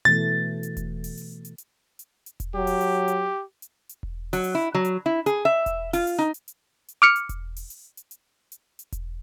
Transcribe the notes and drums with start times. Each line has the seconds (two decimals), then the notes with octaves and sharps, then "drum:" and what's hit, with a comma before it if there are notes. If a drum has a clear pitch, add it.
0.05 B2 E3 A3 A6
0.63 drum: hi-hat
0.77 drum: kick E1, hi-hat
1.04 drum: open hi-hat
1.17 drum: hi-hat
1.45 drum: hi-hat
1.58 drum: hi-hat
1.99 drum: hi-hat
2.26 drum: hi-hat
2.40 drum: kick E1, hi-hat
2.55 F#3 G4
2.67 drum: open hi-hat
2.81 drum: hi-hat
3.08 drum: hi-hat
3.62 drum: hi-hat
3.89 drum: hi-hat
4.03 drum: kick E1
4.33 F#3, drum: open hi-hat
4.44 drum: hi-hat
4.55 E4
4.75 F#3
4.85 drum: hi-hat
5.06 E4
5.26 G#4, drum: hi-hat
5.45 E5
5.66 drum: kick E1, hi-hat
5.93 F4, drum: open hi-hat
6.07 drum: hi-hat
6.18 D#4
6.34 drum: hi-hat
6.48 drum: hi-hat
6.88 drum: hi-hat
7.02 D6 F6 C#7
7.16 drum: hi-hat
7.29 drum: kick E1, hi-hat
7.56 drum: open hi-hat
7.70 drum: hi-hat
7.97 drum: hi-hat
8.11 drum: hi-hat
8.52 drum: hi-hat
8.79 drum: hi-hat
8.92 drum: kick E1, hi-hat